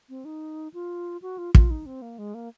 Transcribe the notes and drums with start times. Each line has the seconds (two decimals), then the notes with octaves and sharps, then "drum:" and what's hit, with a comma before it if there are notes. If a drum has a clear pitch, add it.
0.09 C4
0.25 D#4
0.74 F4
1.22 F#4
1.38 F4
1.55 F4, drum: kick
1.70 D#4
1.86 C4
2.02 A#3
2.18 G#3
2.34 A#3